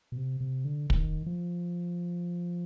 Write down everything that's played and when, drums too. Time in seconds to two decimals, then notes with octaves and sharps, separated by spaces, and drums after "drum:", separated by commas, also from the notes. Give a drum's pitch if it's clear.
0.12 B2
0.17 C3
0.41 C3
0.65 D3
0.90 D#3, drum: kick
1.26 F3